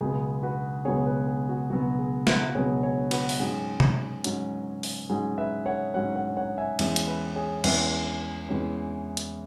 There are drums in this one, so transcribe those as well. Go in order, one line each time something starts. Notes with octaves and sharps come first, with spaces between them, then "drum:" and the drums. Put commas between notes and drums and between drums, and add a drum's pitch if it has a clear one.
C#2 B2 F#3 B3 G#4
F#4 B4
C#2 B2 F#3 B3 G#4 C#5
F#4 B4
G#4
F#4
C#2 B2 F#3 B3 F#4
G#4
F#4 B4, drum: snare
C#2 B2 F#3 B3 G#4 C#5
G#4 C#5
F#4 B4, drum: cymbal
drum: open hi-hat
G#2 F#3 C#4 G#4
drum: tom C3
G#2 F#3 C#4, drum: hi-hat
drum: open hi-hat
G#2 F#3 C#4 G#4
B4 E5
C#5 F#5
G#2 F#3 C#4 C#5 F#5
C#5 F#5
C#5 F#5
E5 G#5
E2 E3 G#3 C#4 E5 G#5, drum: cymbal
drum: hi-hat
B4 E5
G#4 C#5
E2 E3 G#3 C#4 B4 E5, drum: cymbal
E2 E3 G#3 C#4
drum: hi-hat